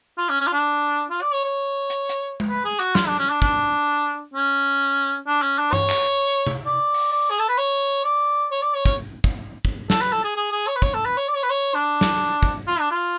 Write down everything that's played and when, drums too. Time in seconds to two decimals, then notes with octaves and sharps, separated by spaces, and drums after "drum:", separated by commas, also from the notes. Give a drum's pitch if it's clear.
0.18 F4
0.29 C#4
0.41 C#4
0.47 F4
0.53 D4
1.10 F4
1.22 D5
1.33 C#5
1.44 C#5
1.90 drum: hi-hat
2.09 drum: hi-hat
2.40 drum: tom
2.49 B4
2.65 G#4
2.79 F#4, drum: hi-hat
2.95 F4, drum: snare
3.07 D4
3.19 C#4
3.30 D4
3.42 D4, drum: kick
4.34 C#4
5.27 D4
5.42 C#4
5.58 D4
5.73 C#5, drum: tom G2
5.90 drum: clap
6.47 drum: tom C3
6.66 D5
6.94 drum: open hi-hat
7.12 D5
7.30 G#4
7.39 A4
7.49 B4
7.58 C#5
8.04 D5
8.51 C#5
8.62 D5
8.74 C#5
8.85 C#5, drum: kick
9.24 drum: kick
9.65 drum: kick
9.90 A4, drum: snare
10.01 B4
10.12 A4
10.24 G#4
10.36 G#4
10.52 G#4
10.67 C#5
10.75 B4
10.82 C#5, drum: kick
10.94 A4
11.05 B4
11.17 C#5
11.28 D5
11.36 C#5
11.43 B4
11.50 C#5
11.75 D4
12.01 drum: snare
12.43 drum: kick
12.67 F4
12.79 D4
12.91 F4